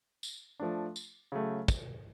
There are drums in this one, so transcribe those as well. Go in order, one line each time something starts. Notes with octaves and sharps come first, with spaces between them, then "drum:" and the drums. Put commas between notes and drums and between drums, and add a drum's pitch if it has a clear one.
drum: tambourine
F3 A3 D4
drum: tambourine
C#3 F#3 A3
drum: kick, tambourine